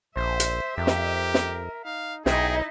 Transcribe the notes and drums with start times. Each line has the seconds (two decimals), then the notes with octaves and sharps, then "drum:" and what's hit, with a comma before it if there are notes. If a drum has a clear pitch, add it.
0.16 A#1 C5 E5
0.40 drum: hi-hat
0.77 F2 G4 A#4
0.87 drum: snare
1.34 drum: snare
1.85 D#4 F5
2.26 B1 D#4 E4 G#4 G5, drum: snare